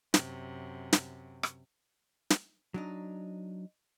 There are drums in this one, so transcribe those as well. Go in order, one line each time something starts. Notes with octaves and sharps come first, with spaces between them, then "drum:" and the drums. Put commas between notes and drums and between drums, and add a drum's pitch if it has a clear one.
F#2 C3, drum: snare
drum: snare
drum: rim click
drum: snare
F#3 D4 D#4